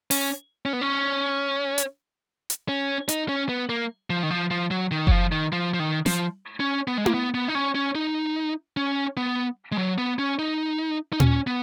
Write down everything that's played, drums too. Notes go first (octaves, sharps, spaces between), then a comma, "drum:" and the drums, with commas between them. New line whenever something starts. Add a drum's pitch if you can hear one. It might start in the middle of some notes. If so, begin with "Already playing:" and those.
C#4, drum: open hi-hat
C#4
B3
C#4
drum: hi-hat
drum: hi-hat
C#4
D#4, drum: hi-hat
C#4
B3
A#3
F3
D#3
F3
F3
F#3
D#3
F#3, drum: kick F#1
F3
D#3
F3
F3
D#3
F3, drum: snare
C#4
B3
G#3
A#3, drum: tom E4
B3
B3
D#4
C#4
C#4
D#4
C#4
B3
G#3
F#3
B3
C#4
D#4
D#4
C#4, drum: tom A#2
B3